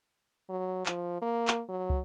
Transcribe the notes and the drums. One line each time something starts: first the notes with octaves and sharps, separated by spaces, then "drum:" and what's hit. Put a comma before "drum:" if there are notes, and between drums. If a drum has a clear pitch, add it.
F#3
F3, drum: clap
A#3
drum: clap
F#3
drum: kick